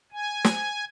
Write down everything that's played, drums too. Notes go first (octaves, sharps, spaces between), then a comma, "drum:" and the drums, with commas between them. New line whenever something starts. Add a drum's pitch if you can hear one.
G#5
drum: snare